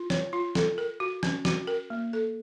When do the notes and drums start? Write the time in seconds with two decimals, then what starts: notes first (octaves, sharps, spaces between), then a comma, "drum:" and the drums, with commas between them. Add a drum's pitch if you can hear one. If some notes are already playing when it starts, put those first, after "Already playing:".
Already playing: F4
0.10 C#5, drum: snare
0.33 F4
0.55 A4, drum: snare
0.78 A#4
1.00 F#4
1.23 C#4, drum: snare
1.45 F#4, drum: snare
1.67 A#4
1.90 A#3
2.13 A4